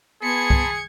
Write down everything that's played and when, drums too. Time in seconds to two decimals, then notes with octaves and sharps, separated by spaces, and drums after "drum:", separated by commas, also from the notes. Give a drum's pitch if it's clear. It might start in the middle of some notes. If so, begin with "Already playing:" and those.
0.23 B3 G#4 A5 B5 C6 G#6 C#7
0.50 drum: kick